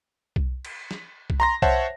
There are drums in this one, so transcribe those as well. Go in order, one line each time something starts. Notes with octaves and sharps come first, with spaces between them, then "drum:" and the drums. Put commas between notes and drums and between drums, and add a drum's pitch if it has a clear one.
drum: kick B1
drum: cymbal
drum: snare
drum: kick B1
A#5 C6 A#6
C5 C#5 E5 F#5 A5, drum: kick B1